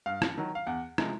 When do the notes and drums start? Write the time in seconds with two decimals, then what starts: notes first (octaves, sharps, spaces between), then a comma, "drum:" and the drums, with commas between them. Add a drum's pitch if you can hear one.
0.06 G2 F5
0.22 drum: rim click
0.38 D#3 F#3
0.55 F5
0.67 E2 F#5
0.98 C3 F3 G#3, drum: rim click